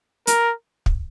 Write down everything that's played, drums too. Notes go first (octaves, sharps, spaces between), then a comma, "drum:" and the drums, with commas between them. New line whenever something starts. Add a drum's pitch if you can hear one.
A#4, drum: hi-hat
drum: kick